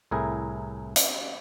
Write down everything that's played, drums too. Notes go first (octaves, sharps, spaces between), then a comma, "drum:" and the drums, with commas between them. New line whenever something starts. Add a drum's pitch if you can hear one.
C2 A2 E4 G#4 A#4
drum: hi-hat